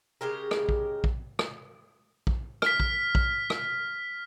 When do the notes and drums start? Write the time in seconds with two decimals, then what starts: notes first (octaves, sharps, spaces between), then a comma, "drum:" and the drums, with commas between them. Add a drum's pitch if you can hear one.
0.21 C#3 G#3 G4 A#4
0.51 drum: rim click
0.69 drum: kick A#1
1.04 drum: kick A#1
1.39 drum: rim click
2.27 drum: kick A#1
2.62 F6 B6, drum: rim click
2.80 drum: kick A#1
3.15 drum: kick A#1
3.50 drum: rim click